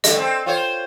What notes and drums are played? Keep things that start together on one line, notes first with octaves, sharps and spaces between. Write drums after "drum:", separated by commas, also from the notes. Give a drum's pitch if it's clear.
G2 D3 A3 D#5, drum: hi-hat
C4 A4
F4 C5 C#5